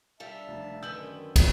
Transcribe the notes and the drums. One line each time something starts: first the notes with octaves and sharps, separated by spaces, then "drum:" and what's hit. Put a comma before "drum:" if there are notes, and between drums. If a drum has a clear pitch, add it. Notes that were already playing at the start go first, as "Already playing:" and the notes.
G3 D4 E5 F5 A5
F1
F#2 D3 D#3 G#4 B4 E6 G6 F#7
drum: kick, cymbal